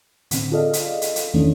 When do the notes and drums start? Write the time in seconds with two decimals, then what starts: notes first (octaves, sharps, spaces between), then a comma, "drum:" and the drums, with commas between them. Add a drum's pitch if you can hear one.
0.31 A2 D3 C4, drum: hi-hat
0.52 F4 G#4 A4 D5 D#5 F5
0.73 drum: hi-hat
1.02 drum: hi-hat
1.16 drum: hi-hat
1.34 E2 D#3 E3 A3 C#4 D4